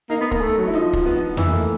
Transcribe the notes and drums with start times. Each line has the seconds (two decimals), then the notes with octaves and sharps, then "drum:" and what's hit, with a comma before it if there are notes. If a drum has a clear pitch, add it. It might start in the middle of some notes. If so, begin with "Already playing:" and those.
0.10 A#3 D#4
0.21 B3
0.31 A#3, drum: kick
0.41 A3
0.58 F#3
0.67 E4
0.73 F3 D#4
0.93 drum: kick
1.05 B3
1.16 B3
1.37 E3, drum: tom E2
1.47 A#3
1.53 A3